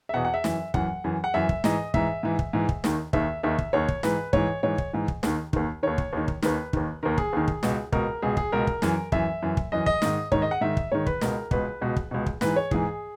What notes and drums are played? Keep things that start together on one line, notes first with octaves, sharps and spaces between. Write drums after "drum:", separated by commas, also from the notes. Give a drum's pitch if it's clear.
E5
E2 B2 F#5
F#5
E5
F#2 E3, drum: snare
F#2 E3 F#5, drum: kick
F#2 E3
F#5
F#2 E3 E5
drum: kick
G#2 E3 D#5, drum: snare
G#2 E3 E5, drum: kick
G#2 E3
drum: kick
G#2 E3
drum: kick
D#2 D#3, drum: snare
D#2 D#3 E5, drum: kick
D#2 D#3 E5
drum: kick
D#2 D#3 C#5
drum: kick
G#2 E3 B4, drum: snare
G#2 E3 C#5, drum: kick
G#2 E3 C#5
drum: kick
G#2 E3
drum: kick
D#2 D#3, drum: snare
D#2 D#3, drum: kick
D#2 D#3 C#5
drum: kick
D#2 D#3
drum: kick
D#2 D#3 B4, drum: snare
D#2 D#3, drum: kick
D#2 D#3 A#4
G#4, drum: kick
D#2 D#3
drum: kick
C#2 B2, drum: snare
C#2 B2 A#4, drum: kick
C#2 B2 G#4
G#4, drum: kick
C#2 B2 A#4
drum: kick
F#2 E3, drum: snare
F#2 E3 E5, drum: kick
F#2 E3
drum: kick
F#2 E3 D#5
D#5, drum: kick
G#2 D#3, drum: snare
G#2 D#3 C#5, drum: kick
D#5
F#5
G#2 D#3 E5
drum: kick
G#2 D#3 C#5
B4, drum: kick
C#2 B2 A#4, drum: snare
C#2 B2 B4, drum: kick
C#2 B2
drum: kick
C#2 B2
drum: kick
G#2 E3 B4, drum: snare
C#5
G#2 E3 G#4, drum: kick